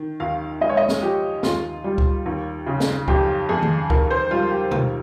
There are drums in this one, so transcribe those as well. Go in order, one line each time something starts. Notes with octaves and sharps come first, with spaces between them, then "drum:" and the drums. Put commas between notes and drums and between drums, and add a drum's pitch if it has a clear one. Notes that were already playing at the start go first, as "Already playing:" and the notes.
Already playing: D#3
D#2 F5
G#3 D#5
C#5
D#5
drum: snare
F3 G4
D#2 F4, drum: snare
G3
drum: kick C#2
D#2
C#3
drum: snare
F2 G4, drum: kick C#2
F2 G#4
drum: tom D#3
D#2 A#4, drum: kick C#2
C5
G3 F4
G4
D#2 A#4, drum: tom B2